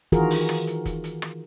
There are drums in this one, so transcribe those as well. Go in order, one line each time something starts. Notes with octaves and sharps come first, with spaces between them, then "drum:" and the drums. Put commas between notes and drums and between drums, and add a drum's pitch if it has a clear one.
D#3 E3 F4 F#4 G#4 A#4, drum: kick, hi-hat
drum: open hi-hat
drum: rim click
drum: hi-hat
drum: kick, hi-hat
drum: hi-hat
drum: rim click